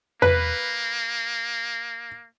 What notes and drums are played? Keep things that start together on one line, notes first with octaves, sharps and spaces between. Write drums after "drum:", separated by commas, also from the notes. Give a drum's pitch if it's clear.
A#3 B4, drum: tom E2